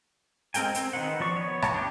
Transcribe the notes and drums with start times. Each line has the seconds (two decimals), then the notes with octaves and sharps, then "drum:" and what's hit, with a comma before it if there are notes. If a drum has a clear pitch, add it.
0.54 G#3 C4 A#4 G5 G#5, drum: hi-hat
0.74 C4, drum: hi-hat
0.93 D#3 D#4 B4 C5 F#5
1.20 F3 B3 D5 C#6
1.36 B3 C#5
1.62 drum: rim click
1.74 D4 G4